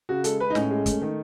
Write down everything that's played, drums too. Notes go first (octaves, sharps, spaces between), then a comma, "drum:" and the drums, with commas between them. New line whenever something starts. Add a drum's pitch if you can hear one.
C#3 F#4
G#3 A4, drum: hi-hat
G#3 B4
D#4
A2 C#4, drum: snare
G#3
A3, drum: kick, hi-hat
D#3